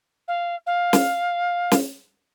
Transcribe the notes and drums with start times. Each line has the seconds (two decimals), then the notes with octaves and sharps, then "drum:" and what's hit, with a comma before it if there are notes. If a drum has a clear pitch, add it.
0.28 F5
0.66 F5
0.93 drum: snare
1.72 drum: snare